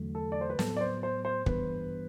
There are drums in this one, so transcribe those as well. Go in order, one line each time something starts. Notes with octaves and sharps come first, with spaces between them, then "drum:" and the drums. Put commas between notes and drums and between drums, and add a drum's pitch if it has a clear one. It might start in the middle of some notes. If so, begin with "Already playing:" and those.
Already playing: E2 D3 F#3 A3
A4
D5
C5
B4
A2 F#3 B3 A4, drum: snare
D5
C5
C5
C5
G2 E3 B3 B4, drum: kick